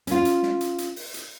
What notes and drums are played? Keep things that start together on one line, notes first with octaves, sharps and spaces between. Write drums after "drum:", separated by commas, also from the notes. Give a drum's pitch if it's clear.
C#4 F4, drum: hi-hat
drum: hi-hat
drum: snare
drum: hi-hat
drum: hi-hat
drum: open hi-hat
drum: hi-hat